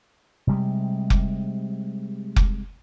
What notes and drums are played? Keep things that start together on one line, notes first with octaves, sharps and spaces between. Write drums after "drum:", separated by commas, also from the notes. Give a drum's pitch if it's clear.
C3 G3 G#3
drum: kick F1
drum: kick F1